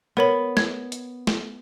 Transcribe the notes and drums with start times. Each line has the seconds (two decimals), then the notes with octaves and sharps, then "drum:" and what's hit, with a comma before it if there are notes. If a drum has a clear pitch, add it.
0.17 B3 A#4 C#5 B5
0.57 G#6, drum: snare
0.92 drum: hi-hat
1.27 drum: snare